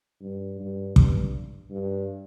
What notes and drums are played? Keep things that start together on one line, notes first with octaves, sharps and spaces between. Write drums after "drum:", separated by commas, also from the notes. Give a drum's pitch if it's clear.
G2
G2
G2, drum: kick
G2